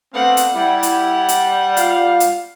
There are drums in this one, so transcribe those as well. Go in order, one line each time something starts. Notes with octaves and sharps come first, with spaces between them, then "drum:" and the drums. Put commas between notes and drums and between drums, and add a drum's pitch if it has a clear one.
A3 B3 C4 D4 F5 F#5
drum: hi-hat
G3 E4 F#5
drum: hi-hat
drum: hi-hat
F4 F5, drum: hi-hat
drum: hi-hat